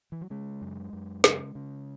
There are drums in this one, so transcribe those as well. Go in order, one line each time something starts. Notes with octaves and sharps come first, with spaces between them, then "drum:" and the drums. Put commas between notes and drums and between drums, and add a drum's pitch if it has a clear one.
E3
F#3
C#3 G#3
F#2
F#2
C#3, drum: snare
C#3